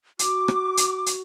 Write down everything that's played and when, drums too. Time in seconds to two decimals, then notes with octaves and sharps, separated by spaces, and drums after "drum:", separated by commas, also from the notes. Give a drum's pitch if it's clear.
0.19 F#4 D6, drum: hi-hat
0.48 drum: rim click
0.77 drum: hi-hat
1.06 drum: hi-hat